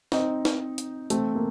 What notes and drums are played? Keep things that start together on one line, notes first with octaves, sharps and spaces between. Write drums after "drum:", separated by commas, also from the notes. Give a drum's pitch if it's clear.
C4 D#4, drum: snare
drum: snare
drum: hi-hat
A3 C4, drum: hi-hat
A#3